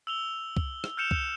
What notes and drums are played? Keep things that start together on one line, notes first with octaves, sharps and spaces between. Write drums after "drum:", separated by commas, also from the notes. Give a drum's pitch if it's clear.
E6 F7 G7
drum: kick C2
drum: rim click
F6 G6 C#7 E7 F7
drum: kick C2